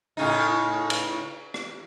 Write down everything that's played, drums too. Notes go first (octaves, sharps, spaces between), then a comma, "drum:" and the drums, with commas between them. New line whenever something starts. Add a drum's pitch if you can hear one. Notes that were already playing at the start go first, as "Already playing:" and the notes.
A2 C#3 D#4
drum: cymbal
drum: rim click